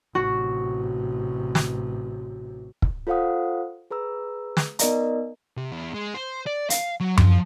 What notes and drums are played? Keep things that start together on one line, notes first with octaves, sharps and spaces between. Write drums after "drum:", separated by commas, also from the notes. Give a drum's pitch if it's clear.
A1 C3 F#4
drum: snare
drum: kick
F4 A4 C5 F5 F#5 D#6
G#4 B4 A#5 E6
drum: snare
B3 D#4 A#4 D5 D#5 A#5, drum: hi-hat
C3
E2
G#3
C5
D5
F5, drum: hi-hat
F#3
F3, drum: tom F#2